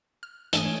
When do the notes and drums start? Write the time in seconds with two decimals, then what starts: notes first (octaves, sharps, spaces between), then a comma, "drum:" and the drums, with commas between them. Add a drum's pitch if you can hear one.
0.23 F6
0.53 G#2 E3 A3 D4 A4 G#5 D#6, drum: hi-hat
0.65 C#5